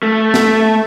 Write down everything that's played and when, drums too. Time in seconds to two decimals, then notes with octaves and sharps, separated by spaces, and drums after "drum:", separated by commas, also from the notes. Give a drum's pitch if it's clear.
0.03 A3
0.34 drum: snare